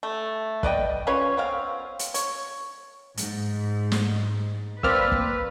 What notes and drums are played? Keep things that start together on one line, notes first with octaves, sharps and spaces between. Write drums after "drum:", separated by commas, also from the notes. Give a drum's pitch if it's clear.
A3
B4 D5 D#5 G5, drum: kick
C#4 F4 B4 C#5
B3 C4 F5
drum: hi-hat
C#5, drum: hi-hat
G#2, drum: hi-hat
drum: snare
A#3 C4 B4 D5 E6 F6, drum: kick
drum: kick